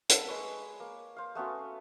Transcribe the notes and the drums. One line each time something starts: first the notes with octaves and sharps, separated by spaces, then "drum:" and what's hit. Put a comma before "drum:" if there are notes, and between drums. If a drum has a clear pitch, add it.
A4 B4, drum: hi-hat
G#3 B4 C#5
A#3
C5 F5
A3 B3 C#4 F#4
F5